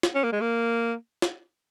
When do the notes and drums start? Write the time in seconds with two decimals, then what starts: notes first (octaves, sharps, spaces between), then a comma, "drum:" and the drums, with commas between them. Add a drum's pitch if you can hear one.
0.03 drum: snare
0.15 C#4
0.24 A#3
0.32 G#3
0.41 A#3
1.22 drum: snare